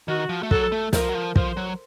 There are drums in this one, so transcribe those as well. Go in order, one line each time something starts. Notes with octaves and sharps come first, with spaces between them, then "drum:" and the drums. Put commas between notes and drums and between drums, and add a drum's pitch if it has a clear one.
D#3 F#4
F3
A3
F#3 A4, drum: kick
A3
F3 A#4, drum: snare
F#3
F3
F3 C5, drum: kick
F#3